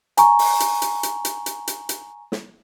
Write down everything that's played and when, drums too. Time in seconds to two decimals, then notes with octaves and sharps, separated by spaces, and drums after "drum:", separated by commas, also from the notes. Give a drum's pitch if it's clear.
0.17 G#5 A#5 C#6, drum: hi-hat
0.39 drum: open hi-hat
0.60 drum: hi-hat
0.82 drum: hi-hat
1.03 drum: hi-hat
1.25 drum: hi-hat
1.46 drum: hi-hat
1.68 drum: hi-hat
1.89 drum: hi-hat
2.32 drum: snare